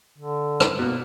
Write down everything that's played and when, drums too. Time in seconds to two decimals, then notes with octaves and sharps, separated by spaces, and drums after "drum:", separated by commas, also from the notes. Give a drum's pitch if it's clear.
0.18 D3
0.60 drum: rim click
0.79 B2 A#3